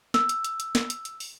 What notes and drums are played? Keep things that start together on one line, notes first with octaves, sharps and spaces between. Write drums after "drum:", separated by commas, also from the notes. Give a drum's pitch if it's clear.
E6, drum: snare
drum: hi-hat
drum: hi-hat
drum: hi-hat
drum: snare
drum: hi-hat
drum: hi-hat
drum: open hi-hat